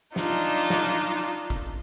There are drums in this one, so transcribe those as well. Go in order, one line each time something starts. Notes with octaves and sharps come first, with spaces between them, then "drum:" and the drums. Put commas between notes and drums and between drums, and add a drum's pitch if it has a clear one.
D4 D#4 F4, drum: snare
drum: snare
drum: kick G#1